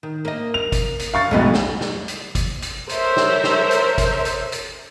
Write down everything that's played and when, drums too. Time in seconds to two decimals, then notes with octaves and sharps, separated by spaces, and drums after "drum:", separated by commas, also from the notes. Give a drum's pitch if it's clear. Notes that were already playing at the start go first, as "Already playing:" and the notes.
0.03 D#3
0.25 A#3 D#5
0.54 F7
0.72 drum: kick, hi-hat
0.99 drum: hi-hat
1.14 F5 C#6 A6
1.31 B1 F2 G#3 A3 B3 F#4
1.54 drum: snare
1.81 drum: snare
2.08 drum: hi-hat
2.35 drum: kick, hi-hat
2.62 drum: hi-hat
2.89 A4 A#4 C5 C#5 E5, drum: hi-hat
3.16 drum: snare
3.44 drum: snare
3.71 drum: hi-hat
3.98 drum: kick, hi-hat
4.25 drum: hi-hat
4.52 drum: hi-hat